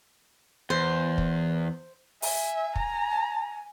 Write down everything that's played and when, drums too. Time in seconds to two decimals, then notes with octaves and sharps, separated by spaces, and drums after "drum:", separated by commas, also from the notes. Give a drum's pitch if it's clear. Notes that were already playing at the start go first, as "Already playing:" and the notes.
0.70 E2 C5
1.18 drum: kick
2.22 E5 G#5, drum: open hi-hat
2.76 A#5, drum: kick